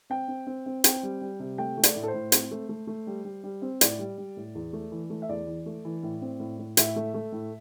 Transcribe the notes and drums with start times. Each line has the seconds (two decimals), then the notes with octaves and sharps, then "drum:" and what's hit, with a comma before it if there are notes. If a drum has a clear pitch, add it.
0.10 C4 G5
0.28 C4
0.47 C4
0.66 C4
0.84 C4 G5, drum: hi-hat
1.03 G3
1.21 G3
1.40 C3
1.58 A3 G5
1.77 A3
1.83 D5, drum: hi-hat
1.95 A2
2.03 A4
2.08 C5
2.14 A2
2.32 C4, drum: hi-hat
2.51 A3
2.69 A3
2.87 A3
3.07 G3
3.25 G3
3.44 G3
3.62 C4
3.81 A2 D5, drum: hi-hat
3.99 G3
4.18 G3
4.37 A2
4.55 E2
4.73 A3
4.92 E3
5.10 A3
5.22 E5
5.29 E2 D5
5.47 E3
5.66 A3
5.85 E3
6.03 A2
6.22 C4
6.40 A2
6.59 A2
6.77 A2 E5, drum: hi-hat
6.96 A3
7.14 A3
7.32 A2